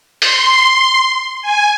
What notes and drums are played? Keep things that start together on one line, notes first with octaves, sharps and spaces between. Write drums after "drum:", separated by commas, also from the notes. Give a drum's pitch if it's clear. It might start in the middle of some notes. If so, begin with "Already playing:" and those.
C6, drum: open hi-hat
G#5